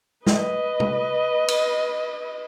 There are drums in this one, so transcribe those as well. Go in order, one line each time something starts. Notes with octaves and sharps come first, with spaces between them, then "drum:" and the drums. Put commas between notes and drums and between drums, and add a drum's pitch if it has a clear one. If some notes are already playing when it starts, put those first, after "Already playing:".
B4 D#5, drum: snare
drum: tom
drum: cymbal